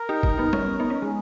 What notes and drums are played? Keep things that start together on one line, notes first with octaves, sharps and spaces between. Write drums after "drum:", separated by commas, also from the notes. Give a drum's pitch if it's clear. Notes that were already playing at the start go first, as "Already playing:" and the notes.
Already playing: A#4
D#4 G4
drum: kick
B3 D#4
C#4, drum: tom G3
B3 D#4
C#4
G#3